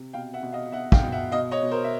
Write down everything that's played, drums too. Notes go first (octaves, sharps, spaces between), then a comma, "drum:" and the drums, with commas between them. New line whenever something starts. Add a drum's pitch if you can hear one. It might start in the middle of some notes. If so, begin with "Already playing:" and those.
Already playing: C3
B2 F5 G5
E5 F#5
B2
D#5 F5
B2 E5 F#5
F5 G5, drum: kick
B2
E5 F#5
B2 D#5 F5
C#5 D#5
B2
A#4 C5
E5